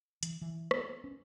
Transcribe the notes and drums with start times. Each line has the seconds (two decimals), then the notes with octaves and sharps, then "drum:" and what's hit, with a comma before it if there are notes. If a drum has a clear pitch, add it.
0.23 E3, drum: hi-hat
0.41 E3
0.71 B3, drum: rim click
1.04 C#4